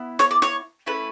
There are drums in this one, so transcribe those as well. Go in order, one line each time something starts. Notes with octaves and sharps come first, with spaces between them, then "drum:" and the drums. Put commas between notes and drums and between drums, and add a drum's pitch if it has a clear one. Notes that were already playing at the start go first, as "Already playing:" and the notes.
Already playing: B3 E4
C#5, drum: snare
D5
C#5, drum: snare
A3 C#4 E4 B4